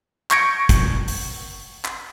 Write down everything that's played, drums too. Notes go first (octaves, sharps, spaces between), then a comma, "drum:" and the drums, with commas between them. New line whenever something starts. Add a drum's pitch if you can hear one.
C#6 G6 G#6 A#6 C#7 D7, drum: clap
drum: kick, hi-hat
drum: open hi-hat
drum: clap